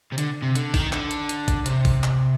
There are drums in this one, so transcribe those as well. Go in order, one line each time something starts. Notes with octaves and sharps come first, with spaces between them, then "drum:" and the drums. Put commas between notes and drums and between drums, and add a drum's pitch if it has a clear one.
C3
D3, drum: hi-hat
C3
D3, drum: hi-hat
D#3, drum: kick A1, open hi-hat
D3, drum: clap
drum: hi-hat
drum: hi-hat
drum: kick A1, hi-hat
C3, drum: hi-hat
drum: kick A1, open hi-hat
drum: clap